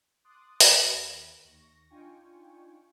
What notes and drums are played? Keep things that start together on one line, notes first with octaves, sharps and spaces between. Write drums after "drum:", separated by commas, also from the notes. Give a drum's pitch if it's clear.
C6 D6 D#6 F#6 A6
drum: open hi-hat
D#2 A#4 D7 E7
D#2 C#6 A#6
D4 D#4 F4 G5 G#5 C#6